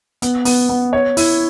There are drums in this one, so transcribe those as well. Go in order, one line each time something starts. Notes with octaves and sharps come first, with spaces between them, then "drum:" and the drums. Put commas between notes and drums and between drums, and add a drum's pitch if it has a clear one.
B3, drum: hi-hat
B3, drum: open hi-hat
B3
C#5
E4, drum: open hi-hat